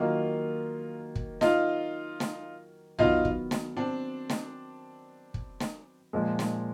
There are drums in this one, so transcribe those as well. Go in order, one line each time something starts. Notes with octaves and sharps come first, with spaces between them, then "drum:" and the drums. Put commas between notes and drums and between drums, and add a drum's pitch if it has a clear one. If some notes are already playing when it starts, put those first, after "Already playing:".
Already playing: D#3 F#3 A#3 D#4 F4
drum: kick
D#4 F4, drum: snare
drum: snare
D#3 F#3 B3 D#4 F4, drum: tom A#1
drum: kick
drum: snare
C4 D4
drum: snare
drum: kick
drum: snare
A#2 F3 G#3
drum: snare